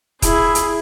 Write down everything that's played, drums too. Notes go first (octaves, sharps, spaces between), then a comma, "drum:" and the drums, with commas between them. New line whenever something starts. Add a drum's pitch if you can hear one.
E4 G#4, drum: kick D#1, hi-hat
drum: hi-hat